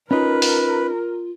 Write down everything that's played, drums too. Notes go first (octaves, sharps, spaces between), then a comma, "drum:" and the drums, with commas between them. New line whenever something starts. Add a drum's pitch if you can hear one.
C#4 D#4 F4 A#4 B4
drum: open hi-hat